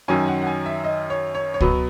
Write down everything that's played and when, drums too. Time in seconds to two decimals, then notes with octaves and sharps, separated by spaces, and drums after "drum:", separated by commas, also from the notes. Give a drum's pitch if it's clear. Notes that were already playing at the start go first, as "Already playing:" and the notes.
0.08 F#2 D#3 F#3 C#4 G#5
0.28 F#5
0.42 F#5
0.47 G#5
0.66 E5
0.84 D#5
1.10 C#5
1.35 C#5
1.54 C#5
1.60 B2 F#3 B3 B4, drum: kick C#2